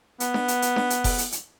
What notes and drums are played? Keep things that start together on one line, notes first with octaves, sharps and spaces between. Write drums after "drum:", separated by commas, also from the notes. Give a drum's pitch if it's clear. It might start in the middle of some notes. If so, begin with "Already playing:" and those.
B3, drum: hi-hat
drum: snare D4
drum: hi-hat
drum: hi-hat
drum: snare D4
drum: hi-hat
drum: kick F1, open hi-hat
drum: hi-hat
drum: hi-hat